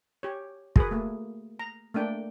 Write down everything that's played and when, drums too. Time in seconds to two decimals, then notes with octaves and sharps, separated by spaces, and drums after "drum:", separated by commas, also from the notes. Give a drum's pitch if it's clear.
0.23 G4 C#5
0.76 F#4 G#4 A#4 B4, drum: kick
0.91 A3 A#3
1.59 A#5
1.94 A3 A#3 D4 G5